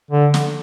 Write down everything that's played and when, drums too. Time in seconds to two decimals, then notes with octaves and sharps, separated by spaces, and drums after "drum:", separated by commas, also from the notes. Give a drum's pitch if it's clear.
0.11 D3
0.34 drum: snare